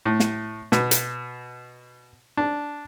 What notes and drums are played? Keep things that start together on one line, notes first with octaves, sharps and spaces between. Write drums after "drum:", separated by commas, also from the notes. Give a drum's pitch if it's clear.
A2
drum: snare
B2, drum: snare
drum: hi-hat
D4